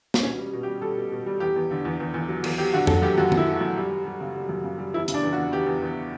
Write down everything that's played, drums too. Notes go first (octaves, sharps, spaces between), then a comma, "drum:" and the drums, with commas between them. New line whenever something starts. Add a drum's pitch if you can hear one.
drum: snare
B2 C#4
G3
B2
G4
G3
G3 A4
B2
B2
G3
E2 G4
E2
D3
E2
E2
E2
F#3
E2, drum: cymbal
F#3 G4
D3 F#4
F#3 A4, drum: tom F2
F#2 G4
F#2 F#4
F#2, drum: tom D#3
E4
F#3
F#2 F#4
G3
G3
G3
C#3
G3
F#2
C#3
G3
E2 E4
C#3, drum: hi-hat
D4
E2
F#4
E2
E2 G4
E2
E2